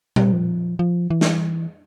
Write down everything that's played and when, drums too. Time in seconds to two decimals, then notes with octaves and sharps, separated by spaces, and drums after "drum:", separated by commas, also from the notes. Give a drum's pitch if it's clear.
0.16 G3, drum: tom A#2
0.32 F3
0.79 F3
1.10 E3
1.21 drum: snare